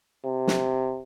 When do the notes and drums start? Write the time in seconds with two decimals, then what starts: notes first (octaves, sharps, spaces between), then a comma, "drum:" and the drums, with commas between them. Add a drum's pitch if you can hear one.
0.24 C3
0.47 drum: snare